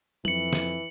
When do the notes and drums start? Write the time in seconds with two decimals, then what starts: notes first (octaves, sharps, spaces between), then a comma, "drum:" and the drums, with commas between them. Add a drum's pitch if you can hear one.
0.25 F2 E3 C#7 F#7, drum: tom F#3
0.53 drum: snare